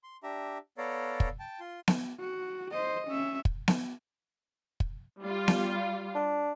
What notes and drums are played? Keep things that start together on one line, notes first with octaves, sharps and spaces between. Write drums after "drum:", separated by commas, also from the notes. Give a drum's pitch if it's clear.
C6
D4 G4 E5 A#5
B3 A4 C#5 D5 F5 A#5
drum: kick
G5 A5
F4 C6
drum: snare B3
F#4
C5 D#5
C#4 E5
drum: kick
drum: snare B3
drum: kick
G3 F4
drum: snare B3
D4